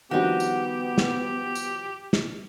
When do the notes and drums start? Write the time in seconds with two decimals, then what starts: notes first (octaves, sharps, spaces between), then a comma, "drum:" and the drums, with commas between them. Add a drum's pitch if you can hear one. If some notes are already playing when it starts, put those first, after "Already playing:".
0.11 D#3 F3 G3 B3 D#4 F#4 G4
0.40 drum: tambourine
0.98 drum: snare
1.55 drum: tambourine
2.13 drum: snare